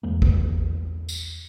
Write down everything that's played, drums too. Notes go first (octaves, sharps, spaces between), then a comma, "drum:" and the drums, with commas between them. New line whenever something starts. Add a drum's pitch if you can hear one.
E2 G#3 A#3
drum: kick A#1
drum: tambourine